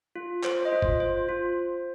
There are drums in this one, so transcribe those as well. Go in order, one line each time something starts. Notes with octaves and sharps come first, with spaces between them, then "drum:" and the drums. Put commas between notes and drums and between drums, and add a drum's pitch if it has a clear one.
F4
F4 C5, drum: clap
D#5
F4 C5
drum: kick F#1
F4 C5
F4